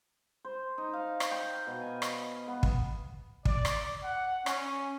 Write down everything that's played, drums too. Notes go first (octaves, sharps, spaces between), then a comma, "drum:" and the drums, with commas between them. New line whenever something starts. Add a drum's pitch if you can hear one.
C5
D#4
F5
drum: rim click
G5
B2
G#5
drum: rim click
B3
drum: kick
D5, drum: kick
drum: rim click
F#5
C#4, drum: rim click